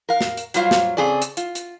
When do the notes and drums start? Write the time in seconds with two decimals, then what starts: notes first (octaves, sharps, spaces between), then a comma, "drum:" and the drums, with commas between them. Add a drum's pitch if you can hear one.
0.09 A#4 F5
0.21 drum: snare
0.37 drum: hi-hat
0.54 F#3 G3 F4 C5 F5, drum: hi-hat
0.71 drum: snare
0.97 C#3 C4 G#4 A4 D5
1.22 drum: hi-hat
1.37 F4, drum: hi-hat
1.55 drum: hi-hat